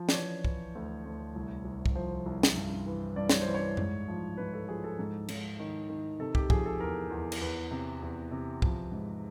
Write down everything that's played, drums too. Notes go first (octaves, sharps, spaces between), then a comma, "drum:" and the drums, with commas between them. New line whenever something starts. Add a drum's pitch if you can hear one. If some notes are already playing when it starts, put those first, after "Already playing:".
Already playing: F3
D5, drum: snare
E3 C#5
E3, drum: kick
D2
D2
C2
C2
drum: kick
F3 C5
C2
drum: snare
G2
E3
G2 D5
C#5, drum: snare
C5
E3
C#5
G#2, drum: tom F#2
F3
G#2 B4
A4
F3 G#4
A4
G#2
G#2, drum: cymbal
D#3
D#3
C3 A4
G4, drum: kick
F3 G#4, drum: kick
A4
E2 A#4
E2
drum: cymbal
E2 B4
C3
E2
C3
F3, drum: kick
G#2